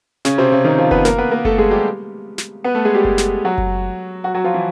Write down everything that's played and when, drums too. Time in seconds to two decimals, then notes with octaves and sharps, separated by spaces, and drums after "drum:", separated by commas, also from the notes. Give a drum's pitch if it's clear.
0.25 C#3 C#4, drum: snare
0.38 C3 C4
0.52 C#3 C#4
0.64 D#3 D#4
0.78 F3 F4
0.91 B3 B4, drum: kick F#1
1.05 A#3 A#4, drum: snare
1.18 B3 B4
1.31 A#3 A#4
1.45 A3 A4, drum: kick F#1
1.58 G#3 G#4
1.71 G3 G4
2.38 drum: snare
2.64 B3 B4
2.75 A3 A4
2.85 G#3 G#4
2.94 G3 G4
3.05 drum: kick F#1
3.18 drum: snare
3.45 F#3 F#4
3.58 drum: kick F#1
4.24 F#3 F#4
4.34 F#3 F#4
4.44 F3 F4
4.54 E3 E4